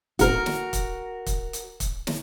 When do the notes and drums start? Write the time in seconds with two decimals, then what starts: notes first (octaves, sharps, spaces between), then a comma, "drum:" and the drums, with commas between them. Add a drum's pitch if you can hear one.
0.19 F#4 A#4, drum: kick, hi-hat
0.46 drum: snare
0.73 drum: kick, hi-hat
1.26 drum: kick, hi-hat
1.53 drum: hi-hat
1.80 drum: kick, hi-hat
2.07 drum: snare